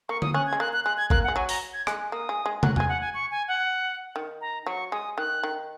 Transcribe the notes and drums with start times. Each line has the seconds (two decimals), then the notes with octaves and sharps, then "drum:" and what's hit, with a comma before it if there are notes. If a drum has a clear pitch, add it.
0.09 A#3 C#6
0.22 D#6, drum: tom D3
0.34 C#4 F#6
0.47 G#6
0.53 G#3
0.60 A#3 F#6
0.73 F#6
0.84 G#3 F#6
0.97 G#6
1.10 A#3 F#6, drum: kick G#1
1.24 F#5
1.28 G#3
1.36 F#3 G#5
1.49 A#5, drum: open hi-hat
1.74 G#6
1.87 G#3 F#6, drum: rim click
2.12 A#3 D#6
2.29 G#3
2.46 G#3
2.63 F#3 F#6, drum: tom
2.76 G#3 G#5, drum: tom E2
2.89 F#5
3.01 G#5
3.14 C#6
3.31 G#5
3.48 F#5
4.16 D#3
4.41 A#5
4.66 F#3 C#6
4.92 G#3 D#6
5.17 D#3 F#6
5.43 D#3